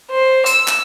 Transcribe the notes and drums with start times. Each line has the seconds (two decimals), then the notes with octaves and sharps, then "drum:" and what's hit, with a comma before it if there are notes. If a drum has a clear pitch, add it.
0.11 C5
0.46 E6, drum: hi-hat
0.68 drum: clap